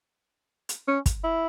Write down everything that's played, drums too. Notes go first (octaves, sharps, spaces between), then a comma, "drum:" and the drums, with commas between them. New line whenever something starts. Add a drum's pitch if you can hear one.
drum: hi-hat
C#4
drum: kick, hi-hat
E4